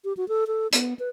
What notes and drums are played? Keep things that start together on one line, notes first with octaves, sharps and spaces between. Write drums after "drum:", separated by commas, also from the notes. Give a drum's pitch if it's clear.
G4
F#4
A4
A4
B3, drum: hi-hat
B4